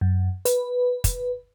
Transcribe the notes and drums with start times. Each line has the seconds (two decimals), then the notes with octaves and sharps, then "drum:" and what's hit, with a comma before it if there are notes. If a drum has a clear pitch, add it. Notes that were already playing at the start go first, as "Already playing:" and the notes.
0.01 F#2
0.45 B4, drum: hi-hat
1.04 drum: kick, hi-hat